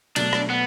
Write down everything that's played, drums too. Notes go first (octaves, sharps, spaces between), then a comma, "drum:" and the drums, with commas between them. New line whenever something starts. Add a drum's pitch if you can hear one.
B2 F#3 A3 D4, drum: cymbal
drum: rim click
B3